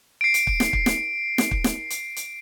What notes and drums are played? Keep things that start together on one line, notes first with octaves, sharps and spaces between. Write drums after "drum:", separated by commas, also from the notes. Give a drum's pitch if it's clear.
C7 D7
drum: hi-hat
drum: kick
drum: snare
drum: kick
drum: snare
drum: snare
drum: kick
drum: snare
drum: hi-hat
drum: hi-hat